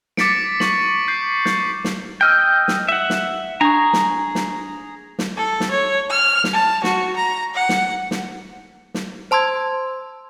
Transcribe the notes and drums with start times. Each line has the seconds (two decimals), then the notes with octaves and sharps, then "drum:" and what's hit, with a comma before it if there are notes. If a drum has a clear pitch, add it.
0.17 D6 A6 B6 C#7 D7, drum: snare
0.60 C#6 B6 F#7, drum: snare
1.08 G6 C7
1.45 G6, drum: snare
1.84 drum: snare
2.21 D#5 G5 E6 F6 G6
2.68 drum: snare
2.89 E5 F#5 E6
3.10 drum: snare
3.61 D4 G#4 A#5 C#6
3.93 drum: snare
4.35 drum: snare
5.19 drum: snare
5.37 A4
5.60 drum: snare
5.71 C#5
6.10 F6
6.44 drum: snare
6.53 A5
6.84 F#4, drum: snare
7.16 A#5
7.54 F#5
7.69 drum: snare
8.11 drum: snare
8.94 drum: snare
9.31 C5 A5 C6 E6 G#6